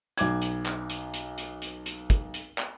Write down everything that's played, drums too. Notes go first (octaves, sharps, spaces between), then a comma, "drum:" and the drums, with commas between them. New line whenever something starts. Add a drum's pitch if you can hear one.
B1 D6 G#6, drum: hi-hat
drum: hi-hat
drum: clap
drum: hi-hat
drum: hi-hat
drum: hi-hat
drum: hi-hat
drum: hi-hat
drum: kick, hi-hat
drum: hi-hat
drum: clap